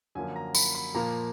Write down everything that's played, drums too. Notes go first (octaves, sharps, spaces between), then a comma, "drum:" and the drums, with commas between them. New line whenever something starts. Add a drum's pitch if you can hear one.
F#2 D3 F3 A#3 G#5
A#5
B5, drum: tambourine
B5
A#2 F3 A#3 A#5